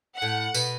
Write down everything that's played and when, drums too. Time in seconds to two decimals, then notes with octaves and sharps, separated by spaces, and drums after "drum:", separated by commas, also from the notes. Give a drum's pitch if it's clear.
0.18 A2 F#5
0.54 B2, drum: tambourine